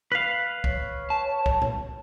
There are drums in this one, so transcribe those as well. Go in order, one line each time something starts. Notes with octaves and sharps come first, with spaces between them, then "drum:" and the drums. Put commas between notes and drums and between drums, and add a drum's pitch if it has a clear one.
B4 F5
C#5, drum: kick
A5
drum: kick
drum: tom A#2